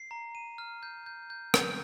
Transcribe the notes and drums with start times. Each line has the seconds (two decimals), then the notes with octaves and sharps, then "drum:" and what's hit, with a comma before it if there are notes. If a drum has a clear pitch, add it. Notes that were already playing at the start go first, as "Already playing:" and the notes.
Already playing: C7
0.11 A#5
0.35 D#7
0.58 F6
0.83 G6
1.06 G6
1.30 G6
1.54 G6, drum: rim click